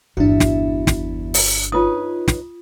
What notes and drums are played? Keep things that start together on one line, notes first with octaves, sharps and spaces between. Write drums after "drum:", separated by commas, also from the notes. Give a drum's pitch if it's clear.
G1 E2 D4 E4 F#4
drum: snare
drum: snare
drum: open hi-hat
D#4 F4 B4 C#5 D#6
drum: snare